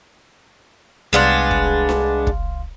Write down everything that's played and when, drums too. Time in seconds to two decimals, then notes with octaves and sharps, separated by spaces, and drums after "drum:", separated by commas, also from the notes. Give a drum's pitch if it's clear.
1.13 C2 G#3 B3 D4 F5 C6
1.51 drum: kick
1.89 drum: snare D4
2.27 drum: kick